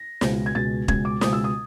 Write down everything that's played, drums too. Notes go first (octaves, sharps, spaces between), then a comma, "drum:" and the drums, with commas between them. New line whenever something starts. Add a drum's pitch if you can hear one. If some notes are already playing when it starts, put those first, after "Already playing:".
Already playing: A#6
C#2 B2 G#3, drum: snare
G#6
C#2 B2 G#3 A6
C#2 B2 G#3 G#6, drum: kick
D6
C#2 B2 G#3 D#6, drum: snare
E6
D#6